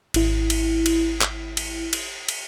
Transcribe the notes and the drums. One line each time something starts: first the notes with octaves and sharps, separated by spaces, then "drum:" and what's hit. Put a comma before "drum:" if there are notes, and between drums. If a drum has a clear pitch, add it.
G#1 E4, drum: cymbal
drum: cymbal
drum: cymbal
drum: clap
drum: cymbal
drum: cymbal
drum: cymbal